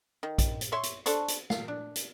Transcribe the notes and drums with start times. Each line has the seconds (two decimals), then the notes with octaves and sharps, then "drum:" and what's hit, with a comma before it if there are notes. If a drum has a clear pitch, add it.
0.23 D#3
0.38 drum: kick A#1, hi-hat
0.61 drum: hi-hat
0.72 C#5 E5 C6 C#6
0.83 drum: hi-hat
1.06 D4 A4 C5 C#6, drum: hi-hat
1.28 drum: hi-hat
1.50 F5, drum: snare
1.68 D4
1.95 drum: hi-hat